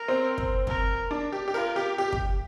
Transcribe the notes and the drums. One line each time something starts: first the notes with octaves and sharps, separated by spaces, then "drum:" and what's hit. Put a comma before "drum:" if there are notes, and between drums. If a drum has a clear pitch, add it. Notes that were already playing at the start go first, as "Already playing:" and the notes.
Already playing: A#4
C4
drum: kick
A#4, drum: kick
D4
G4
G4
F4 A#4
G4
G4
drum: kick